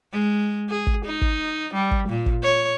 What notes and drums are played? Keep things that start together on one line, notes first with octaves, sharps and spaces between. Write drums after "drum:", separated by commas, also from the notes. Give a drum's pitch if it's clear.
G#3
G#4
drum: kick
D#4
drum: kick
G3
drum: kick
A#2
drum: kick
C#5